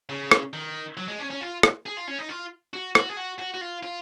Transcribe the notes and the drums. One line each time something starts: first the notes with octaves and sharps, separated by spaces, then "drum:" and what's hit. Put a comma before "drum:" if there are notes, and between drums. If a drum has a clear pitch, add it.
C#3
drum: rim click
D#3
F#3
G#3
C#4
C#4
F4
drum: rim click
G#4
F4
C#4
D#4
F4
F#4
F#4, drum: rim click
G#4
F#4
F#4
F#4
F4
F4